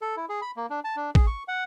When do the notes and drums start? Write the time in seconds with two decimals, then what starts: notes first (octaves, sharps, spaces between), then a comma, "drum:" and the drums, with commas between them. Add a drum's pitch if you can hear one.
0.02 A4
0.17 E4
0.29 G#4
0.42 B5
0.57 A#3
0.70 D4
0.84 A5
0.96 D4
1.15 G#4, drum: kick A1
1.27 C#6
1.48 F#5